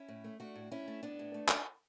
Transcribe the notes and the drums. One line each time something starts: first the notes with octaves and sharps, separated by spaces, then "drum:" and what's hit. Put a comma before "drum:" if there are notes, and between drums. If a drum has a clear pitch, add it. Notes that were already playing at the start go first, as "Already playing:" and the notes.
Already playing: C#4 E4
A2
A3
A3 D4 F#4
A2
A2 C#4 E4
A3
A2 B3 D4
A2
A3
drum: clap